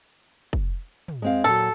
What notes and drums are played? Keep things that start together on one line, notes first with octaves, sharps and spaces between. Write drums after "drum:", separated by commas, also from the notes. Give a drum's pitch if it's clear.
drum: kick
drum: tom
G#3 C4 F5
A#2 F#3 A4